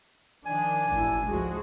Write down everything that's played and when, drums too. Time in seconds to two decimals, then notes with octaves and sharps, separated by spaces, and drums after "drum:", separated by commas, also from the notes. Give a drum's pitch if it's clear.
0.46 D#3 F3 D4 G#5, drum: hi-hat
0.61 drum: hi-hat
0.76 drum: open hi-hat
0.93 A1 E4, drum: kick G1
1.06 drum: hi-hat
1.28 C#2 G#2 F3 G#3 A3 F#4 G#4